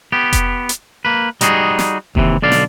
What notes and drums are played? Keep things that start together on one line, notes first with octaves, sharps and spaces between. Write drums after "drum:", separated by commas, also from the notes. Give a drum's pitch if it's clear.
B3 G4
drum: kick F1, hi-hat
drum: hi-hat
A#3 B4
G3 D#4 F#4 G#4, drum: hi-hat
drum: snare
D#2 C3 E3, drum: kick F1
B1 D3 D5 F5
drum: snare